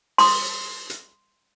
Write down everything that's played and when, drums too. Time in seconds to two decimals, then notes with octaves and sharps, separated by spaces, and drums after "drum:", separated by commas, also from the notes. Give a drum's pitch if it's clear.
0.18 C6 D#6, drum: open hi-hat
0.90 drum: hi-hat